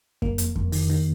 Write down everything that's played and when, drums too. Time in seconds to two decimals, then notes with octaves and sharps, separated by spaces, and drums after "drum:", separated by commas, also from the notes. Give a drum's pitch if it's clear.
0.22 A#3, drum: kick F#2
0.38 F2, drum: hi-hat
0.56 F2, drum: kick F#2
0.72 D#3, drum: open hi-hat
0.90 D#3